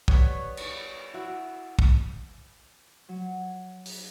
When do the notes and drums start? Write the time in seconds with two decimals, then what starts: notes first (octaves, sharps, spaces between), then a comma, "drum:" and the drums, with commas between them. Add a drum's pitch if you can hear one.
0.08 G3 B3 B4 C#5, drum: kick
0.57 drum: cymbal
1.14 E4 F#4
1.79 drum: kick
3.09 F#3
3.86 drum: open hi-hat